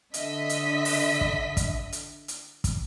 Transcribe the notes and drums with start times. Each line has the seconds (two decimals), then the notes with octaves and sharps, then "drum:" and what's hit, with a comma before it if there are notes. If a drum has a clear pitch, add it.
0.14 D3 D#5 E5 B6, drum: hi-hat
0.49 drum: hi-hat
0.85 drum: open hi-hat
1.21 drum: kick
1.57 drum: kick, hi-hat
1.92 drum: hi-hat
2.28 drum: hi-hat
2.64 drum: kick, hi-hat